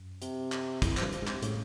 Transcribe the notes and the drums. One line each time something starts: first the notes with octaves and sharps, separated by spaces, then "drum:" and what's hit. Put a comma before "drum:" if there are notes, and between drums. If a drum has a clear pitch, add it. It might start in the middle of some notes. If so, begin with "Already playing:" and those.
Already playing: F#2
C3, drum: hi-hat
drum: clap
F2 E3, drum: kick, hi-hat
G2 F3, drum: clap
F3, drum: hi-hat
G#2
C3, drum: clap
A2 C#3, drum: hi-hat